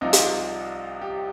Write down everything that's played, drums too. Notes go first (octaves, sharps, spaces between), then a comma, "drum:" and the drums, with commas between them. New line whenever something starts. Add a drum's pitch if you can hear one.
C2 C3 F3 D#4
drum: hi-hat
G4